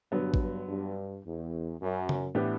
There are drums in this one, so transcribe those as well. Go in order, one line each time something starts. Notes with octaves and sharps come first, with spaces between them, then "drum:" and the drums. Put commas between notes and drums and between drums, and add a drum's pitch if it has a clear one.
G2 D3 F#3 B3
drum: kick G#1
G2
E2
F#2
drum: tom C#3
A2 E3 B3 D4 G4